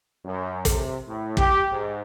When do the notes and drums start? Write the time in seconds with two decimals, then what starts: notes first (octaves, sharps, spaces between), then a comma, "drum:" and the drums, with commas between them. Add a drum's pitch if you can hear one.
0.25 F#2
0.65 C3, drum: kick, hi-hat
1.06 A2
1.37 G4, drum: kick
1.71 G#2